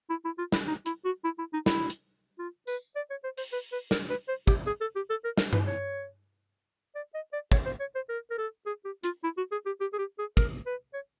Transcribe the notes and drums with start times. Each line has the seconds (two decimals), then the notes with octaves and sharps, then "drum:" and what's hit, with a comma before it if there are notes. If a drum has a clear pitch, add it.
0.10 E4
0.25 E4
0.38 F4
0.52 E4, drum: snare
0.67 D#4
0.86 E4, drum: hi-hat
1.05 F#4
1.24 E4
1.38 E4
1.53 D#4
1.66 E4, drum: snare
1.90 drum: hi-hat
2.39 F4
2.67 B4, drum: tambourine
2.96 D5
3.10 C#5
3.24 C5
3.37 C5, drum: open hi-hat
3.52 B4
3.72 B4
3.91 A#4, drum: snare
4.10 B4
4.28 C5
4.47 G4, drum: kick
4.67 G#4
4.81 A4
4.96 G4
5.10 A4
5.24 A#4
5.38 A#4, drum: snare
5.53 B4, drum: tom G2
5.67 C#5
6.95 D5
7.14 D#5
7.33 D5
7.52 C#5, drum: kick
7.65 C5
7.80 C#5
7.95 C5
8.09 A#4
8.30 A#4
8.38 A4
8.66 G#4
8.85 G4
9.03 F4, drum: hi-hat
9.23 E4
9.37 F#4
9.52 G#4
9.66 G4
9.80 G4
9.93 G#4
9.98 G4
10.19 G#4
10.37 A#4, drum: kick
10.66 B4
10.93 C#5